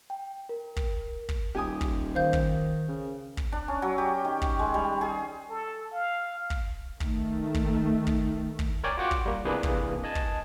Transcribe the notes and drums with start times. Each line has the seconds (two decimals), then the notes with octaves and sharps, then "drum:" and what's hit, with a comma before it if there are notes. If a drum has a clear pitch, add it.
0.10 G5
0.49 A#4
0.76 drum: kick
1.29 drum: kick
1.55 D#1 G4 G#5 D#6
1.81 drum: kick
2.15 D#3 C5 F5 G6
2.33 drum: kick
2.89 C#3
3.37 drum: kick
3.52 D4
3.68 C#4
3.82 F#3
3.98 G4
4.25 D#3
4.42 drum: kick
4.59 G#3
4.74 G3
5.01 G#4
5.50 A4
5.93 F5
6.50 drum: kick
7.00 D#3 A3, drum: kick
7.54 drum: kick
8.07 drum: kick
8.59 drum: kick
8.84 A#4 C#5 D5 G5 G#5
8.97 F4 F#4 F#5 G5 D6
9.11 drum: kick
9.26 G3 A#3
9.45 C3 E3 A#3 D4 G#4 B4
9.63 drum: kick
10.04 D#5 G#5 A5
10.15 drum: kick